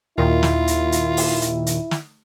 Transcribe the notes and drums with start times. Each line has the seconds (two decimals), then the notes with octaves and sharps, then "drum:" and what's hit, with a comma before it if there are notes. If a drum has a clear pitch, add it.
0.18 D#2 A#2 D#3 E4 F4
0.43 drum: snare
0.67 drum: hi-hat
0.92 drum: hi-hat
1.17 drum: open hi-hat
1.42 drum: hi-hat
1.67 drum: hi-hat
1.91 drum: snare